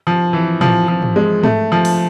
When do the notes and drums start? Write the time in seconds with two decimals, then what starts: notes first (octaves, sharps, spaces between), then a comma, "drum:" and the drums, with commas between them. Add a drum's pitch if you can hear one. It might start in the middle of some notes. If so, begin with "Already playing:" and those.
0.07 F3
0.33 E3
0.61 F3, drum: tom
0.88 F3
1.02 drum: tom G#2
1.16 G#3
1.43 A3, drum: tom G#2
1.72 F3
1.85 drum: open hi-hat